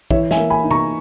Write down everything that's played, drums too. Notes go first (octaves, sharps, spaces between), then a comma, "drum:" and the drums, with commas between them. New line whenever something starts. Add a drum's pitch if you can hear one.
E3 C#5 E5, drum: kick A#1
E5 G#5, drum: snare
A#3
G#5 B5
D#4
A#5 C#6, drum: tom C3